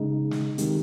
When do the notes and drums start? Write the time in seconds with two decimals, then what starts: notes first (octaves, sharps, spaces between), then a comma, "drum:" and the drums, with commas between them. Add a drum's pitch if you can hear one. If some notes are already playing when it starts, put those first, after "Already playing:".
Already playing: C#3 G#3 D#4
0.31 drum: snare
0.58 C3 D#3 G#3, drum: hi-hat